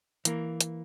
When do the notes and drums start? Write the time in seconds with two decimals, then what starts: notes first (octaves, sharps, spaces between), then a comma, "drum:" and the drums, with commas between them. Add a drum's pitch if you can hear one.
0.25 E3 A#3, drum: hi-hat
0.61 drum: hi-hat